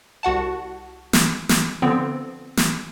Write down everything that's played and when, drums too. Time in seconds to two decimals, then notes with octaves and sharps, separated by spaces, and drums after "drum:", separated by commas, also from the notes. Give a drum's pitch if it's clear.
0.23 C2 F#4 F#5 A5
1.13 drum: snare
1.49 drum: snare
1.82 D3 F3 B3 C4
2.57 drum: snare